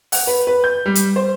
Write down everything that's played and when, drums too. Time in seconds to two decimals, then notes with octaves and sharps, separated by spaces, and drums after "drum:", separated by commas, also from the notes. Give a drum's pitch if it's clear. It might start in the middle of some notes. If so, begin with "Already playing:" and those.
0.12 F#5, drum: open hi-hat
0.27 B4
0.47 B4
0.64 G6
0.86 G3
0.95 drum: hi-hat
1.16 C5